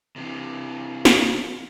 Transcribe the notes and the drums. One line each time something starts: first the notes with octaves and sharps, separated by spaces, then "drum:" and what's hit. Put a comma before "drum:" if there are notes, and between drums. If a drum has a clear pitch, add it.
C3 E3
drum: snare